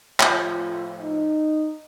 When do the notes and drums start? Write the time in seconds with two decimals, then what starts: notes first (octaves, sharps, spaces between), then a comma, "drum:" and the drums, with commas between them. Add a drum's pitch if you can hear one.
0.20 A2 F3 F4, drum: clap
0.97 D#4